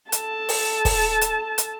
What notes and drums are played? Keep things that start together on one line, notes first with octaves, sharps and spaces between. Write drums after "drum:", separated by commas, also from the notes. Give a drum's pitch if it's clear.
A4 A5, drum: hi-hat
drum: open hi-hat
drum: kick, open hi-hat
drum: hi-hat
drum: hi-hat